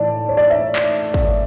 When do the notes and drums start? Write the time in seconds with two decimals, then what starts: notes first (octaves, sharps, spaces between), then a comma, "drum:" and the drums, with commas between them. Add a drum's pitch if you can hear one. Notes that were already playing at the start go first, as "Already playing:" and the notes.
Already playing: A2 E3 D5 A5
0.28 C#5
0.37 D5
0.50 E5
0.76 drum: clap
1.14 drum: kick